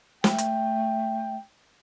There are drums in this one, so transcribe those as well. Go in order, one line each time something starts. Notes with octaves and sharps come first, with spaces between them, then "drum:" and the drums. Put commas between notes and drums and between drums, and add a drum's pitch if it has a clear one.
A3 G5, drum: snare
drum: hi-hat